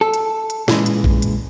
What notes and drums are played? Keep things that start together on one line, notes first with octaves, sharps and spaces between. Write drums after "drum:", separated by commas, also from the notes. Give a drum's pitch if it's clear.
A4
drum: hi-hat
drum: hi-hat
A#2 C#3 E3 G#3, drum: snare
drum: hi-hat
drum: kick A#1
drum: hi-hat